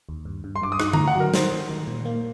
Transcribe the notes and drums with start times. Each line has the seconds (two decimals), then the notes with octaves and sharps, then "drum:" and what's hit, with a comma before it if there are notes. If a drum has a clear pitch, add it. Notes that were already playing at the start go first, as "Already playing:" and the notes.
0.09 D#2
0.25 G2
0.44 G2
0.56 C6
0.62 G2 D6
0.72 D#6
0.80 D#4 F#6, drum: rim click
0.93 A2 A#5, drum: tom D3
1.08 F#5
1.15 F#3 A#4
1.34 D#3 C5, drum: snare
1.52 D#3
1.70 D#3
1.87 A#2
2.05 A#3